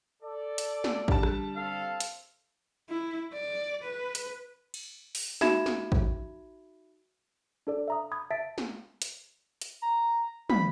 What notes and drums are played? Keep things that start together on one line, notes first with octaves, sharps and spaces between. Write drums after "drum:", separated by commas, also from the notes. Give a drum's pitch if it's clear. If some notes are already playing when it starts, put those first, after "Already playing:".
A4 D5
drum: hi-hat
drum: snare
D3 G3 A5, drum: kick A1
drum: rim click
C4 A4 F5
drum: hi-hat
E4
D5
B4
drum: hi-hat
drum: cymbal
drum: open hi-hat
D#4 F#4 E5 B5 G#6 E7, drum: snare
drum: snare
drum: kick A1
D4 A4 D5
E5 A#5 D#6
B5 D#6 G#6
E5 A5 A6 B6 D7
drum: snare
drum: hi-hat
drum: hi-hat
A#5
B5, drum: tom